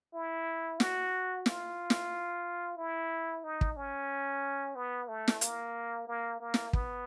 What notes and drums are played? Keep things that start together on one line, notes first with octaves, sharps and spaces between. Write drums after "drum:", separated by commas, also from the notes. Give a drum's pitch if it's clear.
E4
F#4, drum: snare
F4, drum: snare
drum: snare
E4
D#4
drum: kick
C#4
B3
A3
drum: snare
A#3, drum: hi-hat
A#3
A#3
drum: snare
B3, drum: kick